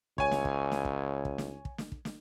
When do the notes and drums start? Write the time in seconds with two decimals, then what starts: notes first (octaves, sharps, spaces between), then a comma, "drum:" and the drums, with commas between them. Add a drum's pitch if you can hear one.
0.18 C#2 C#5 G#5, drum: kick
0.31 drum: snare
0.45 drum: kick
0.72 drum: snare
0.85 drum: kick
1.25 drum: kick
1.38 drum: snare
1.65 drum: kick
1.78 drum: snare
1.92 drum: kick
2.05 drum: snare